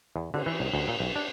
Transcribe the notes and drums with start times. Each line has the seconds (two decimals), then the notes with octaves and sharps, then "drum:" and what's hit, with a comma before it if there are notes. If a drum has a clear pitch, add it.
0.16 E2
0.34 D3, drum: cymbal
0.46 E3
0.60 C2
0.74 D2
0.88 A#2
1.00 B1
1.16 D4